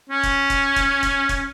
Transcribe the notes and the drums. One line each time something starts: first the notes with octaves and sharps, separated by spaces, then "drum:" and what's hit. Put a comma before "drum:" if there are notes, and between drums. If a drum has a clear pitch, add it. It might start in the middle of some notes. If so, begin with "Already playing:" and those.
C#4
drum: kick, hi-hat
drum: kick, hi-hat
drum: kick, hi-hat
drum: kick, hi-hat
drum: kick, hi-hat